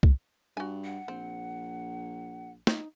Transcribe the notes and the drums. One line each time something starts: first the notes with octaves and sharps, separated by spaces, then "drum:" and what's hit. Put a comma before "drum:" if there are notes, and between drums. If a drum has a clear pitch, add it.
drum: kick C2
G2 F#4 G#5
F#5
A#1 C4
D#4, drum: snare